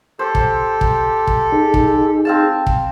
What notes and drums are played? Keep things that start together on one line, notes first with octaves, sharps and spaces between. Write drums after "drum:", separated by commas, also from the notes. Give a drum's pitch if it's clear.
G4 A4 C5
drum: kick
drum: kick
drum: kick
D#4 G#4
drum: kick
C4 F5 A5
drum: kick